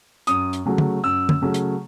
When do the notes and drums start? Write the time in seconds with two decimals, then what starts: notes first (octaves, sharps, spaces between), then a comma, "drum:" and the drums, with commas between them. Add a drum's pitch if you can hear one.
0.27 F#2 D#6, drum: hi-hat
0.53 drum: hi-hat
0.65 C#3 F#3 A3
0.78 drum: tom
1.04 F#2 E6
1.29 drum: tom
1.42 C#3 F#3 A3
1.54 drum: hi-hat